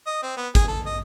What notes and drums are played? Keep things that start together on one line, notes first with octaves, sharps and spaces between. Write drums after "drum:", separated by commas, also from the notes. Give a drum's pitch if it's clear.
D#5
C4
B3
G#4, drum: kick G#1, hi-hat
A4
D#5